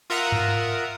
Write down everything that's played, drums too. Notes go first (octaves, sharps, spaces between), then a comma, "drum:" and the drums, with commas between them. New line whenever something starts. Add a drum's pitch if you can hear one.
F4 A#4 E5 F#5 A#5 D#6
drum: tom G2